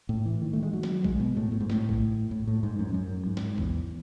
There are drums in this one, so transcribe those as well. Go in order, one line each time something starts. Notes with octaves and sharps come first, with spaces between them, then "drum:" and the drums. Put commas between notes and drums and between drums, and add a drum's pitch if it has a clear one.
A2
E3
D#3
A3
G#3
F#3
drum: snare
G#3, drum: kick
B2
A2
A2
G#2
A2, drum: snare
drum: kick
A2
A2
G#2
F#2
F#2
G#2
drum: snare
E2, drum: kick